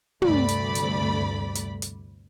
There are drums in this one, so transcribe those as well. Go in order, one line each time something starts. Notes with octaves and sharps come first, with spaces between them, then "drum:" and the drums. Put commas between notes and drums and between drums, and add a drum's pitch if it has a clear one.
D2 G2 C3 A3 D5 B5, drum: tom
drum: hi-hat
drum: hi-hat
drum: hi-hat
drum: hi-hat